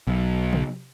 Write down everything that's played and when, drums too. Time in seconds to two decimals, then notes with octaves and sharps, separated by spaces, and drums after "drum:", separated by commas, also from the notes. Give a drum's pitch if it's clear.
0.07 B1
0.53 drum: tom C3